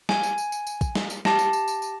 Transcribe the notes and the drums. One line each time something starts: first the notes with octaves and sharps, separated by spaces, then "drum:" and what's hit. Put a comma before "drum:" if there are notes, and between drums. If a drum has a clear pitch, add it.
G#5, drum: snare
drum: tambourine
drum: tambourine
drum: tambourine
drum: tambourine
drum: kick, tambourine
drum: snare
drum: tambourine
G4 A5 A#6, drum: snare
drum: tambourine
drum: tambourine
drum: tambourine
drum: tambourine